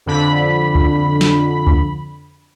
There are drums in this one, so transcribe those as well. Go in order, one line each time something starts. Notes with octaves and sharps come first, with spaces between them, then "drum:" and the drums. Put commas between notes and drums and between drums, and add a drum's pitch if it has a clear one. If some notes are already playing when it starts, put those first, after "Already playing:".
F2 D3 B5
drum: kick C#2
drum: snare
drum: kick C#2